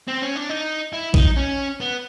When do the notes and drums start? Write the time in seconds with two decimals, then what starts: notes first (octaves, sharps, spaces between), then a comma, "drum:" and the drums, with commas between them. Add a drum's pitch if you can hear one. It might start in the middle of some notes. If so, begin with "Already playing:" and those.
0.08 C4
0.22 C#4
0.36 D4
0.49 D#4
0.93 E4
1.14 D#4, drum: kick A#1
1.36 C#4
1.80 B3